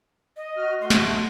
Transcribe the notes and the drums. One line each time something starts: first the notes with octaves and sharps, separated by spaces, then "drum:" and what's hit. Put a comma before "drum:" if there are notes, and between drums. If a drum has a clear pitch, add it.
D#5
F#4 F6
A3 F#4 C6
drum: snare